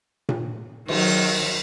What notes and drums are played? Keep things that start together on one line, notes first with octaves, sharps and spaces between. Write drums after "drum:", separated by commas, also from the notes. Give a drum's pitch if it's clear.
drum: tom A#2
D#3 F#3, drum: cymbal